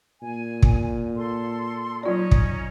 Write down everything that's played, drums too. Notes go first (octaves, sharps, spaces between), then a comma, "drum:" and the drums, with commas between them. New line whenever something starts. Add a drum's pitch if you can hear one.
A#2 G#5
drum: kick
A4 C6
F#3 C#4 D#4 F4 D5
drum: kick